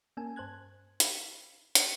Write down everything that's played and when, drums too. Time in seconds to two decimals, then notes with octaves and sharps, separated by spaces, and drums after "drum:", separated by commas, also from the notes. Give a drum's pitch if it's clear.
0.17 A#3 C#4 A#4 G#5 A5
0.36 G2 C5 A5 F#6 G#6
1.00 F5 B5, drum: hi-hat
1.75 drum: hi-hat